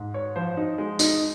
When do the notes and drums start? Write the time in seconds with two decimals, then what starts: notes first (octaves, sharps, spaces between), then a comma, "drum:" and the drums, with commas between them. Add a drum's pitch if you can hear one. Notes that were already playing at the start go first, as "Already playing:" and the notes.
Already playing: G#2
0.14 C#5
0.36 F3 C5
0.57 D#4
0.78 G#3
0.99 D#4, drum: tambourine